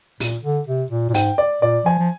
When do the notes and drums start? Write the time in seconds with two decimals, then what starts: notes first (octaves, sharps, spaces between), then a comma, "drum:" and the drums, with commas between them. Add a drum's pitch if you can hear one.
0.20 A#2, drum: open hi-hat
0.44 D3
0.67 C3
0.91 A#2
1.09 A#2
1.14 G#2 G5, drum: open hi-hat
1.38 D5
1.62 A#2 D5
1.85 F3 G#5
1.99 F3